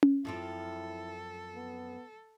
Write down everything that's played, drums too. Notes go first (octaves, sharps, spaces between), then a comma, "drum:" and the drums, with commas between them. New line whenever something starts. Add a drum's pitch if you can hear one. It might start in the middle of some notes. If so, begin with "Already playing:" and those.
drum: tom C#4
F#2 F3 C4 E4 A4
B3